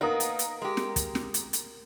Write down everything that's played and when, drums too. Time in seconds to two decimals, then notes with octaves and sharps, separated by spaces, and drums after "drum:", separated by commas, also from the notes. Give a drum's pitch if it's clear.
0.01 A#3 B3 D#4 A#4 D#6
0.20 drum: hi-hat
0.39 drum: hi-hat
0.62 G#3 G4
0.77 drum: snare
0.96 drum: kick, hi-hat
1.15 drum: snare
1.34 drum: hi-hat
1.53 drum: hi-hat